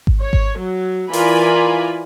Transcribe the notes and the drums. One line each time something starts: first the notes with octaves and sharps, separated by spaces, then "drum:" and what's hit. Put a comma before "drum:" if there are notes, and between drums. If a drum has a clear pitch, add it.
drum: kick G#1
C#5
drum: kick G#1
F#3
E3 F4 A#4 D5 G#5 B5, drum: open hi-hat